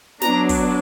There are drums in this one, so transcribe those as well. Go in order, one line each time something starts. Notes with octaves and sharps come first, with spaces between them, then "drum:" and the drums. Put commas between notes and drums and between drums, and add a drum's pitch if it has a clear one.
F#3 B3 D4 A#5, drum: snare
drum: kick, open hi-hat